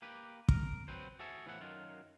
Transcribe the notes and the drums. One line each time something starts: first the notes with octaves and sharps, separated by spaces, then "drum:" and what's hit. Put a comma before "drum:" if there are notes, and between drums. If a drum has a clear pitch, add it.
A#3 G4 B4
A#4, drum: kick
F#3 C4 B4 C5
F#4 G#4 A4 E5
A2 E3 F3 E4 A#4 F#5
F#2 D#3 F#3 F4